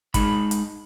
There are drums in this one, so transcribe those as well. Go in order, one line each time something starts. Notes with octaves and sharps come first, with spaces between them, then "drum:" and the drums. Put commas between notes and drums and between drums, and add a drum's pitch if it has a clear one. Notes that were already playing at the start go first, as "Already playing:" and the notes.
G#3 D#4 B5, drum: kick, hi-hat
drum: hi-hat